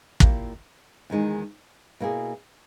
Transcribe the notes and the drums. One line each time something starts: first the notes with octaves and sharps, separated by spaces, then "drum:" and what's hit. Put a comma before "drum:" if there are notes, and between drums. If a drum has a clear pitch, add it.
A#2 A#3 E4 G4, drum: kick
E2 D#3 G#3 D#4
B2 A#3 E4 G#4